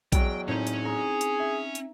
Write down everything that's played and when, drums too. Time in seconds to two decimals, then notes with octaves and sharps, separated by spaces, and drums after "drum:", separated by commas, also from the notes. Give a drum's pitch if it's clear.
0.12 E2 F#3 G#3 G5, drum: kick A#1, hi-hat
0.48 A2 C4 C#4 D#4
0.67 drum: hi-hat
0.85 G#4 A#5
1.21 drum: hi-hat
1.40 E5
1.75 drum: hi-hat